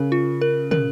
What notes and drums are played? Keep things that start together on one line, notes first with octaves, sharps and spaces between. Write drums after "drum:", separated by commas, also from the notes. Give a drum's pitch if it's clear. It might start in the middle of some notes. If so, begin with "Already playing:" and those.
Already playing: C#3 A#4
F4
A#4
A#4, drum: tom